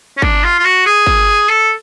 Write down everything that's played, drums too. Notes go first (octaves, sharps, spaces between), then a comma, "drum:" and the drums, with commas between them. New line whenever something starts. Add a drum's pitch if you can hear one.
C#4
D4, drum: kick
F4
F4
F#4
G#4
drum: kick
A4